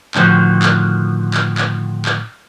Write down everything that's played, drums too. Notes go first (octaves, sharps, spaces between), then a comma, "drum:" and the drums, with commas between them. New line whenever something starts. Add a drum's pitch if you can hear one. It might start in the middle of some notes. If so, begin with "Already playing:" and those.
A2 D3 D#3 F3 F#4 C5, drum: clap
drum: clap
drum: clap
drum: clap
drum: clap